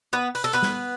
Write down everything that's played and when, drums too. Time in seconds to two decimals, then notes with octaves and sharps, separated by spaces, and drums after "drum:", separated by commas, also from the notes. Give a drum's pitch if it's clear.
0.13 B3 B4
0.35 B4, drum: open hi-hat
0.44 A4
0.53 B3 B4
0.62 drum: snare